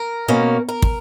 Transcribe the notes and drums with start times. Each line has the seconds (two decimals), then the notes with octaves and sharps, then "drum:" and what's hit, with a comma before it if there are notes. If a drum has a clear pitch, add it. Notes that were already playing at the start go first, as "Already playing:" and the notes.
Already playing: A#4
0.28 B2 A#3 C#4
0.69 A#4
0.82 drum: kick